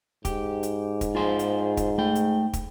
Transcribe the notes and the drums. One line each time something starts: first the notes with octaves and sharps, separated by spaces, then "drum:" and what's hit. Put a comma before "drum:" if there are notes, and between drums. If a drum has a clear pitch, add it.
G#2 G4, drum: kick, hi-hat
drum: hi-hat
drum: kick, hi-hat
F4 G#4 C5
drum: hi-hat
drum: kick, hi-hat
A3 G5
drum: hi-hat
drum: kick, hi-hat